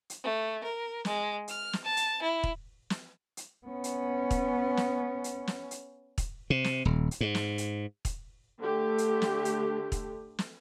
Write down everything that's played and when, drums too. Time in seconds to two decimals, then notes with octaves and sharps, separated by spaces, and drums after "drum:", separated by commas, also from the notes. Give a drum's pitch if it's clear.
0.10 drum: hi-hat
0.22 A3
0.61 A#4
1.05 G#3, drum: snare
1.48 F6, drum: hi-hat
1.73 drum: snare
1.83 A5
1.97 drum: hi-hat
2.20 E4
2.43 drum: kick
2.90 drum: snare
3.37 drum: hi-hat
3.67 B3 C#4
3.84 drum: hi-hat
4.31 drum: kick, hi-hat
4.77 drum: snare
5.24 drum: hi-hat
5.47 drum: snare
5.71 drum: hi-hat
6.18 drum: kick, hi-hat
6.50 C3
6.64 drum: snare
6.85 D#1
7.11 drum: hi-hat
7.21 G#2
7.35 drum: snare
7.58 drum: hi-hat
8.05 drum: kick, hi-hat
8.60 D3 A3 G4
8.98 drum: hi-hat
9.22 drum: snare
9.45 drum: hi-hat
9.92 drum: kick, hi-hat
10.39 drum: snare